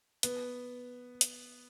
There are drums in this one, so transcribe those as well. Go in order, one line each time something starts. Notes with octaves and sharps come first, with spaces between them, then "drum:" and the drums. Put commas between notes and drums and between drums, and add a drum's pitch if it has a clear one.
B3, drum: hi-hat
drum: hi-hat